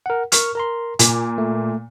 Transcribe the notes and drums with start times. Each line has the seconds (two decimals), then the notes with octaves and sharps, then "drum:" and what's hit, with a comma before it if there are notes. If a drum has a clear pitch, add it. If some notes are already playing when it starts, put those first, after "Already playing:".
0.06 A#4 F#5
0.32 A#4 C#6 F6, drum: hi-hat
0.55 A#4 A#5 C6
0.99 A#2 G#5 D6, drum: hi-hat
1.38 A3